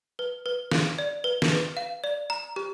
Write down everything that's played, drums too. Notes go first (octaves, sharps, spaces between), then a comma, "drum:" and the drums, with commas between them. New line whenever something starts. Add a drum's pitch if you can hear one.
B4
B4
F5, drum: snare
D5
B4
drum: snare
B4
F5
D5
A#5
G4